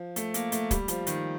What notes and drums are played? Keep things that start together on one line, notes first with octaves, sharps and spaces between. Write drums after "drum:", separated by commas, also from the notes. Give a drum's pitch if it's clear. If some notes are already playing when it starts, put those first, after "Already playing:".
Already playing: F3
A3, drum: hi-hat
A#3, drum: hi-hat
A3, drum: hi-hat
G3, drum: kick, hi-hat
F3, drum: hi-hat
D#3, drum: hi-hat